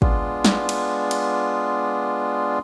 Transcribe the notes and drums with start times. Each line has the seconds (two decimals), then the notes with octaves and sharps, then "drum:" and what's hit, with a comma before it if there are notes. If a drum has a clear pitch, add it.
0.02 G#3 B3 D4 F4, drum: kick
0.44 drum: snare
0.69 drum: cymbal
1.11 drum: cymbal